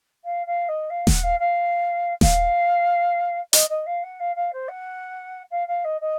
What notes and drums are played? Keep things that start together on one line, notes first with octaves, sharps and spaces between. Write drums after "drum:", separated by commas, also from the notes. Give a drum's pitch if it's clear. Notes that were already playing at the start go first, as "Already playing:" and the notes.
F5
F5
D#5
F5
F#5, drum: snare D#1
F5
F5
F5, drum: snare D#1
D#5, drum: hi-hat
D#5
F5
F#5
F5
F5
C5
F#5
F5
F5
D#5
D#5